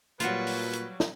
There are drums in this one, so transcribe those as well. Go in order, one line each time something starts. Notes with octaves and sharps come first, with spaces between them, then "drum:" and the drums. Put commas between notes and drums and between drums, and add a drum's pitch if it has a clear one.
A#2 F#3 G3 F4 F#4 B4, drum: hi-hat
drum: open hi-hat
drum: hi-hat
drum: snare